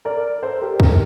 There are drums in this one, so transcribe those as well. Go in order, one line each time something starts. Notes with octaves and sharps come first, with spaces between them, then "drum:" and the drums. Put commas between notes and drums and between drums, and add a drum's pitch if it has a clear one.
A#4 D5
A4 C5
G4 A#4
G4 A#4, drum: kick